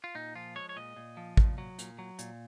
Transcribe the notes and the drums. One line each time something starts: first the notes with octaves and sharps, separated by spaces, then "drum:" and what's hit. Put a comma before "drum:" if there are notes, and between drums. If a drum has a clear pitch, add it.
F4
A#2 D#4
F3 F4
G#3 C#5
C#5
A#2 D#5
A#2
F3
A#2, drum: kick
F#3
A#2, drum: hi-hat
F#3
A#2, drum: hi-hat